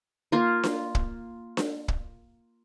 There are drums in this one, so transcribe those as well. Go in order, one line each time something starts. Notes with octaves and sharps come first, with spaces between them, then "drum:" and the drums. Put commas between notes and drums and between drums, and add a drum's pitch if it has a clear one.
A#3 F4
drum: snare D4
drum: kick
drum: snare D4
drum: kick